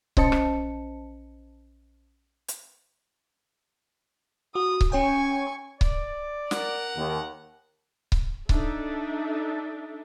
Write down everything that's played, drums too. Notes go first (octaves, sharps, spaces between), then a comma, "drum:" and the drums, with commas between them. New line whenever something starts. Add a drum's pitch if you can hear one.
A#1 C#4 C5 D#5 A5 C#7, drum: kick C#1
drum: rim click
drum: hi-hat
F#4 D#6
drum: kick C#1
C#4 C#5 G5 G#5 C#6
D5, drum: kick C#1
A#4 F#5, drum: snare
D#2
drum: kick C#1
D4 D#4 A4 E5, drum: kick C#1